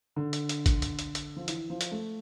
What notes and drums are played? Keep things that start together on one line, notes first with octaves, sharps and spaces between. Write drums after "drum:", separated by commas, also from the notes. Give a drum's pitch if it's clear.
D3
drum: hi-hat
drum: hi-hat
drum: kick, hi-hat
drum: hi-hat
drum: hi-hat
drum: hi-hat
F3
E3, drum: hi-hat
F3
drum: hi-hat
A3